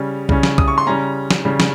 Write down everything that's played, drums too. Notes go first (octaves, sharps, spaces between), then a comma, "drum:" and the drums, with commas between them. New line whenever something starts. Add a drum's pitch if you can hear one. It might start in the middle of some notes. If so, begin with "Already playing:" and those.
Already playing: C#3 G3 C#4
C#3 G3 C#4, drum: kick B1
drum: snare
D#6, drum: kick B1
C#6
C6
C#3 G3 C#4 A#5
drum: snare
C#3 G3 C#4
drum: snare